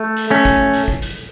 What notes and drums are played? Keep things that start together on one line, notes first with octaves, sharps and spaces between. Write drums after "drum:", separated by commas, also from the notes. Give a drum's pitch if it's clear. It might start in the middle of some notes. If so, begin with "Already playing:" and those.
Already playing: A3
drum: hi-hat
A3 C#4
drum: kick, hi-hat
drum: hi-hat
drum: kick
drum: hi-hat